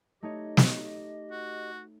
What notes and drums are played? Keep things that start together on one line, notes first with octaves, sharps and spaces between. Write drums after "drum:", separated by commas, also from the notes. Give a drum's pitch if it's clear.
A3 D#4 G4 C#5 D#5
drum: snare
F#4